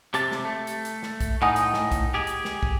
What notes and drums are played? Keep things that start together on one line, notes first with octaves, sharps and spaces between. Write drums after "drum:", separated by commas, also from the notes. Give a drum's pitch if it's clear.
C3 G4 A5, drum: hi-hat
drum: snare
A3
drum: hi-hat
drum: hi-hat
drum: snare
drum: kick, hi-hat
A2 D#4 F#5 G#5 D#6
drum: hi-hat
drum: snare
drum: kick, hi-hat
G4 G#4
drum: hi-hat
drum: snare
drum: kick